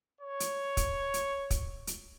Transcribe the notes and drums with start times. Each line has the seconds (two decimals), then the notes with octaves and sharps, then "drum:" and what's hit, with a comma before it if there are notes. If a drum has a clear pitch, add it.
0.21 C#5
0.40 drum: hi-hat
0.77 drum: kick, hi-hat
1.14 drum: hi-hat
1.50 drum: kick, hi-hat
1.87 drum: hi-hat